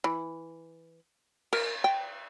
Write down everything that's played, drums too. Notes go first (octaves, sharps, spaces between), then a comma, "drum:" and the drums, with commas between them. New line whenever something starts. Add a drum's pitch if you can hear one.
E3
A#4, drum: cymbal
G5